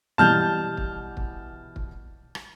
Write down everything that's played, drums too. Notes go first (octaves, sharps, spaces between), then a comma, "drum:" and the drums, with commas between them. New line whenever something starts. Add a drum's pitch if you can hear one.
B2 E3 G3 A5 F6 G6
drum: kick
drum: kick
drum: kick
drum: rim click